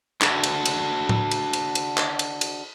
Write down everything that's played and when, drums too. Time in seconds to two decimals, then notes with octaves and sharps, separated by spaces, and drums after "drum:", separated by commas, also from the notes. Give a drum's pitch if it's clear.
0.21 D4 F#4 A4, drum: clap
0.43 drum: cymbal
0.65 drum: cymbal
1.09 drum: tom A2
1.31 drum: cymbal
1.53 drum: cymbal
1.75 drum: cymbal
1.97 drum: clap
2.19 drum: cymbal
2.41 drum: cymbal